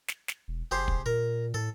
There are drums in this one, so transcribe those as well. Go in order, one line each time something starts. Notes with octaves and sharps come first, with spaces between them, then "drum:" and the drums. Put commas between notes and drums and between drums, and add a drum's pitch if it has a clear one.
drum: snare
drum: snare
E1
F#1 G4 G#4 C5
drum: kick
A#2 A#4
A2 A4